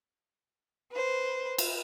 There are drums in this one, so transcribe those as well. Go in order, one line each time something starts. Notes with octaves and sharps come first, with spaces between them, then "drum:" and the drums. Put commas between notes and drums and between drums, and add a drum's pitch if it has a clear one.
B4 C5
drum: cymbal